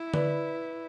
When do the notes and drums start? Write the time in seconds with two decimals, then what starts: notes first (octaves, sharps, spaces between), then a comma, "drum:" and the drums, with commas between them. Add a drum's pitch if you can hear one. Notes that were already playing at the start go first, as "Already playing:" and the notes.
Already playing: E4
0.14 B4 D5, drum: tom D3